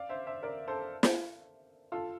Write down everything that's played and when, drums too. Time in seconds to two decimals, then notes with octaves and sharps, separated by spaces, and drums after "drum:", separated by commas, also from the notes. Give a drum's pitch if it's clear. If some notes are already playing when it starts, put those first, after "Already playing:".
Already playing: D5 F5
0.09 C5 E5
0.27 C5 E5
0.43 A#4 D5
0.68 A4 C5
1.03 drum: snare
1.92 F4 A4